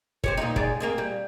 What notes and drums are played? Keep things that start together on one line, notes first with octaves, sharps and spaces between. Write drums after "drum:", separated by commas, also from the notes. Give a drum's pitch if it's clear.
C4 G4 C#5, drum: kick
A#2 G3 D#4
G#3 D5, drum: kick
A#3 C4 G#4
G3